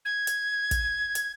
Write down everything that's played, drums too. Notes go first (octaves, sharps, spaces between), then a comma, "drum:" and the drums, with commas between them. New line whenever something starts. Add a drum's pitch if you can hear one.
G#6
drum: hi-hat
drum: kick, hi-hat
drum: hi-hat